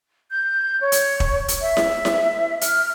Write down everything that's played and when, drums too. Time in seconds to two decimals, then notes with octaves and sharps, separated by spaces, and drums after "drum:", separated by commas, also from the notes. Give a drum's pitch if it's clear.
0.31 G6
0.80 C#5
0.92 drum: hi-hat
1.20 drum: kick E1
1.48 drum: hi-hat
1.62 E5
1.77 drum: snare E4
2.05 drum: snare E4
2.61 F6, drum: hi-hat